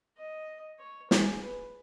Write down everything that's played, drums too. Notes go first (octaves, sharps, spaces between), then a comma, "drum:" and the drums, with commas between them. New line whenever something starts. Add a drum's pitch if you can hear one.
D#5
C#5
G#4, drum: snare
B4